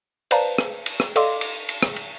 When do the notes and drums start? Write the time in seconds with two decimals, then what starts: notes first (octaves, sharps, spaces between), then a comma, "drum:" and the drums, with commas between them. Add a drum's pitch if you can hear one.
0.31 B4 C5 D5 F5 A5 A#5, drum: cymbal
0.58 drum: rim click
0.86 drum: cymbal
1.00 drum: rim click
1.16 A4 D5 D#5 F5 C6 D6, drum: cymbal
1.41 drum: cymbal
1.69 drum: cymbal
1.83 drum: rim click
1.96 drum: cymbal